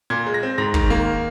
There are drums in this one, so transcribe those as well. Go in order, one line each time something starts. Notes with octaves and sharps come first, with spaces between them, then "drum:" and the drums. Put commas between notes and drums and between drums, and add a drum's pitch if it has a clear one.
A#2 G#6
G#3
A#6
C4
G#2 A#6
D#3, drum: kick
A#3